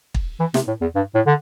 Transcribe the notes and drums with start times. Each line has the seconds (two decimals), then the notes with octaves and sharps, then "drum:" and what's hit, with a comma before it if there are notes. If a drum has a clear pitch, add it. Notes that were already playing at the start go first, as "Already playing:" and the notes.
0.15 drum: kick
0.40 E3
0.54 C3, drum: snare
0.68 A2
0.81 E2
0.95 G2
1.15 A2
1.26 D3